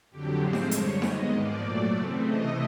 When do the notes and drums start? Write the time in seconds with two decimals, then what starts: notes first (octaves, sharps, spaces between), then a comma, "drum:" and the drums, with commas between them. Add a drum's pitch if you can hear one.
0.11 F2 D3 F#3 G4
0.41 A2 F3 G#3 C4 C5
0.53 drum: snare D#4
0.71 F#2 D3 G3 C#5, drum: hi-hat
1.02 D#2 D#3 G#3 B3 D#5, drum: snare D#4
1.32 G#2 F3 A#3 D5
1.62 A#2 F#3 A3
1.94 C#3 E3 A3 C4
2.23 C3 E3 A3 D#5